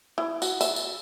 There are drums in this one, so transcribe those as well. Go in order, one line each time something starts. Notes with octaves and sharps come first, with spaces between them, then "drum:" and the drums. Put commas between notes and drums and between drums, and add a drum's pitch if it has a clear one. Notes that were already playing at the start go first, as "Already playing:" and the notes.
E4
F#4, drum: tambourine
E5, drum: tambourine
drum: tambourine